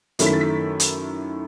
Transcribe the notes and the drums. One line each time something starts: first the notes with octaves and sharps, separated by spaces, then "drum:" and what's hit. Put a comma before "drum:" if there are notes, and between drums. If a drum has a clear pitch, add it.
F#2 D#3 A3 E4, drum: hi-hat
B6
A6
B6
drum: hi-hat